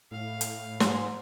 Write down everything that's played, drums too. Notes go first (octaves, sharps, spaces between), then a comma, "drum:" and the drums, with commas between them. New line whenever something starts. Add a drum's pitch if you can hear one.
A2 F5
drum: hi-hat
G#2 C6, drum: snare